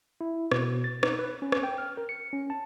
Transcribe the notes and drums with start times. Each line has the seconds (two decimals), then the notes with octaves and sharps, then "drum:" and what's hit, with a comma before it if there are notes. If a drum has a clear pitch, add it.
0.21 E4
0.52 B2, drum: rim click
0.84 A6
1.03 D#4, drum: rim click
1.19 B4
1.42 C#4
1.52 drum: rim click
1.63 G5
1.78 F6
1.97 A#4
2.09 C#7
2.33 C#4
2.50 A5